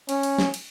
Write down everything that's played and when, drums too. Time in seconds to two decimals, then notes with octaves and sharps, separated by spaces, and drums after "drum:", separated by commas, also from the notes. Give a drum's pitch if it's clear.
0.09 C#4, drum: cymbal
0.23 drum: cymbal
0.39 drum: snare
0.54 drum: cymbal